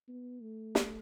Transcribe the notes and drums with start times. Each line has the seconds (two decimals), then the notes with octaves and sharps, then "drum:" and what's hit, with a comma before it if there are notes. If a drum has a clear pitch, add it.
0.08 B3
0.42 A3
0.75 drum: snare